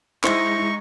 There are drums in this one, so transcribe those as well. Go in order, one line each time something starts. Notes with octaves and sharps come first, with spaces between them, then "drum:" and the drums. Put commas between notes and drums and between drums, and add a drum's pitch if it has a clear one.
G#3 D#4 E4 C5 C#6, drum: clap